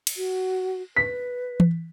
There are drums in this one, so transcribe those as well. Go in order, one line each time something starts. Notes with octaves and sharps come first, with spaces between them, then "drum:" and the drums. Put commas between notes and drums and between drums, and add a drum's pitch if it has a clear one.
drum: cymbal
F#4
B4 B6
drum: tom E3